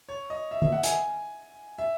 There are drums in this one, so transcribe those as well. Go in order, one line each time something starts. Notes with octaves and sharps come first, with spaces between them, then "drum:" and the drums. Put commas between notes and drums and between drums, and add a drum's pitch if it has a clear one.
C#5
D#5
E5
E5, drum: tom D#3
F#5
G#5, drum: hi-hat
E5